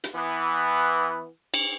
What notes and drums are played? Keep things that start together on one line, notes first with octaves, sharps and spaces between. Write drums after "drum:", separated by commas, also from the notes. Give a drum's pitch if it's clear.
drum: hi-hat
E3 B3
drum: cymbal